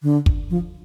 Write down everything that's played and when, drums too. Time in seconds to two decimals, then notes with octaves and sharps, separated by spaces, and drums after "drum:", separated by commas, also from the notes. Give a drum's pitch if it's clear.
0.02 D3
0.26 drum: kick
0.50 F3